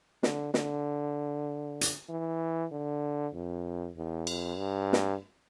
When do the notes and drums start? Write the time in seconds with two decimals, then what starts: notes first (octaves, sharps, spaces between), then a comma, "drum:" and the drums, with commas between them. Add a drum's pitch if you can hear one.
0.23 D3, drum: snare
0.54 D3, drum: snare
1.81 drum: hi-hat
2.09 E3
2.72 D3
3.34 F2
3.96 E2
4.27 F2, drum: cymbal
4.58 G2
4.93 drum: snare